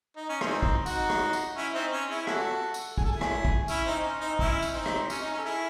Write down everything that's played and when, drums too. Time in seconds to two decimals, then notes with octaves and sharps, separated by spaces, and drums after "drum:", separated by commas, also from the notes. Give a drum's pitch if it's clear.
0.16 D#4
0.29 C#4
0.41 C4 D#4, drum: rim click
0.63 drum: kick
0.86 D#4 F#4, drum: tambourine
1.10 drum: rim click
1.33 drum: tambourine
1.56 C#4 E4
1.74 C4 D#4
1.92 C#4
2.09 E4 G#4
2.27 F#4 A4, drum: rim click
2.74 drum: tambourine
2.98 G#4, drum: kick
3.04 A4
3.12 E4 G#4
3.21 drum: rim click
3.45 drum: kick
3.68 C#4 E4, drum: tambourine
3.85 C4 D#4
4.03 C#4
4.20 C4 D#4
4.39 C#4 E4, drum: kick
4.62 drum: tambourine
4.74 C4 D#4
4.86 drum: rim click
5.10 C#4, drum: tambourine
5.21 D#4
5.33 C#4
5.38 A4
5.45 E4 G#4